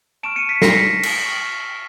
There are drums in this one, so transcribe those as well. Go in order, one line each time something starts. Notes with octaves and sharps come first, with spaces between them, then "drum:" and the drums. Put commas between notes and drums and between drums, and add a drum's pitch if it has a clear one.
A5 C#6 F6 D7 E7
C#7 D#7
B6 C#7
A#6 C7, drum: snare
B6 C#7
drum: cymbal
C#6 F6